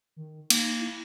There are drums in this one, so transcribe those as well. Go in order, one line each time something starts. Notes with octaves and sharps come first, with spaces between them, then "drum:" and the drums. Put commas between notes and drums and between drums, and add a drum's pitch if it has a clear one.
D#3
A#3 D#4, drum: cymbal
E4